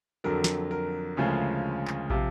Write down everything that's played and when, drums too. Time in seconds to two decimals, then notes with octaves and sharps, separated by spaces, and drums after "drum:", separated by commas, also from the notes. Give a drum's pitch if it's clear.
0.24 F2 D3 F#3 A#4
0.44 drum: snare
0.71 A#4
1.17 D2 C#3 F3 G#3
1.87 drum: clap
2.10 C3 F3, drum: kick